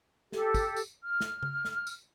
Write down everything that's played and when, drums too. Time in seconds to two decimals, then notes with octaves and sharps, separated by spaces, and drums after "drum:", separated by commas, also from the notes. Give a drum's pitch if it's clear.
0.32 G4 A4, drum: snare
0.54 drum: kick, tambourine
0.76 drum: tambourine
1.04 F6
1.20 drum: snare
1.43 drum: tom C#3
1.65 drum: snare
1.87 drum: tambourine